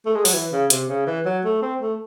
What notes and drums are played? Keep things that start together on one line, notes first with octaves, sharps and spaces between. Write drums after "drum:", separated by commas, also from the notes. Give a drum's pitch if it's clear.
A3
G#3
F#3, drum: open hi-hat
E3
C#3
C3, drum: hi-hat
C#3
E3
F#3
A3
C4
A3